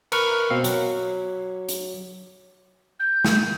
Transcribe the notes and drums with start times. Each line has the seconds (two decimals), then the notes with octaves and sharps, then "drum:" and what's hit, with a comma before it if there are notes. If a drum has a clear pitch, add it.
0.12 A#4 B4 C#6 F6, drum: cymbal
0.50 B2 C4 F5
0.64 F#3, drum: hi-hat
1.69 drum: hi-hat
3.00 G6
3.25 drum: snare